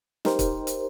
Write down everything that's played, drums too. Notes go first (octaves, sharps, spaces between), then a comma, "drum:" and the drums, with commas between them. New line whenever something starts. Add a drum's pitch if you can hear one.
D#4 G4 A#4 C5, drum: snare
drum: kick, hi-hat
drum: hi-hat